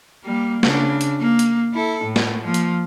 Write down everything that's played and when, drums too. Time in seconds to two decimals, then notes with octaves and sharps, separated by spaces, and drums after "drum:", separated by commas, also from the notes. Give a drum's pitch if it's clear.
0.24 G3 A#3
0.63 C#3 D4, drum: snare
1.01 drum: hi-hat
1.20 A#3
1.39 drum: hi-hat
1.74 E4 A4
2.05 A2
2.16 drum: snare
2.44 F3 A#3
2.54 drum: hi-hat